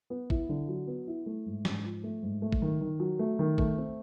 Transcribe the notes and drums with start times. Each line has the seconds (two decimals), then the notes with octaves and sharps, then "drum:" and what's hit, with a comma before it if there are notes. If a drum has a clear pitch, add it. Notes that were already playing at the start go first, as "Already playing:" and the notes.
0.10 B3
0.30 E4, drum: kick
0.49 D3
0.68 F#3
0.87 B3
1.07 E4
1.26 A3
1.46 G#2
1.65 G#2, drum: snare
1.84 F3
2.04 A3
2.22 G#2
2.42 A3
2.53 drum: kick
2.62 D#3
2.81 D#3
3.00 F#3
3.19 A3
3.39 D#3
3.58 A3, drum: kick
3.77 C4